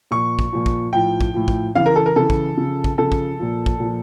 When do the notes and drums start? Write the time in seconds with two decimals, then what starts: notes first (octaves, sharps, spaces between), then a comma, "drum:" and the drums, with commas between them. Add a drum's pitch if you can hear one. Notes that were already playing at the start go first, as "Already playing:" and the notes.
0.11 A#2 F3 C#6
0.39 drum: kick
0.52 A#2 F3
0.66 drum: kick
0.93 A2 F3 G5
1.21 drum: kick
1.34 A2 F3
1.48 drum: kick
1.75 C#3 E3 F5
1.86 A#4
1.96 A4
2.06 A#4
2.16 C#3 E3 A4
2.30 drum: kick
2.57 C#3 F3
2.84 drum: kick
2.98 C#3 F3 A4
3.12 drum: kick
3.39 A#2 F3
3.66 drum: kick
3.80 A#2 F3